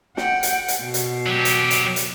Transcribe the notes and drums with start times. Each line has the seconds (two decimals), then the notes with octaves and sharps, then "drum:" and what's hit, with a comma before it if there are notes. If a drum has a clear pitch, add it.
0.17 F#5 G5, drum: snare
0.43 drum: hi-hat
0.68 drum: hi-hat
0.83 B2
0.94 drum: hi-hat
1.27 F#3 G4
1.45 drum: hi-hat
1.71 drum: hi-hat
1.96 drum: hi-hat